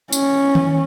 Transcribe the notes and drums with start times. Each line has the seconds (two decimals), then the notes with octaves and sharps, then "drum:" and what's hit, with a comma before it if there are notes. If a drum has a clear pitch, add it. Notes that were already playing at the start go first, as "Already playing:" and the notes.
0.12 C#4, drum: tambourine
0.55 drum: tom D#3